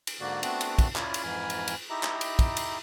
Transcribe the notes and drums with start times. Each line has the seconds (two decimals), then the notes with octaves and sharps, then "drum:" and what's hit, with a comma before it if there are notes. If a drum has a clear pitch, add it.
0.07 drum: cymbal
0.20 G#2 D3 A#3 F#4 D5
0.43 A3 B3 C4 D4 F#4, drum: cymbal
0.61 drum: cymbal
0.78 drum: kick, cymbal
0.96 C#4 E4 F4 D5 G#5 B5, drum: clap
1.14 drum: cymbal
1.23 F2 G#2 E3 G#5 B5 F6
1.50 drum: cymbal
1.68 drum: cymbal
1.90 D#4 E4 G4 E5 A#5
2.03 drum: clap
2.21 drum: cymbal
2.39 drum: kick, cymbal
2.57 drum: cymbal